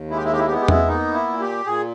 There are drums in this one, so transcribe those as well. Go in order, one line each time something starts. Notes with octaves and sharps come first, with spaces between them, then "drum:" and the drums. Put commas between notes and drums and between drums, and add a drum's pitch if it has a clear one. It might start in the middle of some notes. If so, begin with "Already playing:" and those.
Already playing: D#2
G#3 E4
G4
E4
G4
E4
G4
B3 E4
G4
E4, drum: tom E2
A#3 D#4
E4
A#2
G4
A#2 G#4